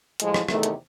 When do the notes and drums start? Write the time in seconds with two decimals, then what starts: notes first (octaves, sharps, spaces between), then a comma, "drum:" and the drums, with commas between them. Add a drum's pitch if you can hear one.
0.20 A2 F3 G#3, drum: hi-hat
0.34 drum: rim click
0.48 E2 C3 D#3 A3, drum: rim click
0.63 drum: hi-hat